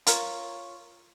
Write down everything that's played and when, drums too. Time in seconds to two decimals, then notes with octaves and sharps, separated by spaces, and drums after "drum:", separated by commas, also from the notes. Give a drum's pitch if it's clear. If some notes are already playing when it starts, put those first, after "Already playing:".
0.07 F4 A#4 C#5, drum: hi-hat